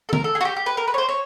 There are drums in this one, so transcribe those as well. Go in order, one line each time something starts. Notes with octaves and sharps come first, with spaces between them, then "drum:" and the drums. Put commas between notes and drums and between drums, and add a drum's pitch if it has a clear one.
A4
A#4, drum: tom D3
A4
G#4
F#4
G4
G4
B4
A#4
B4
C#5
C5
C#5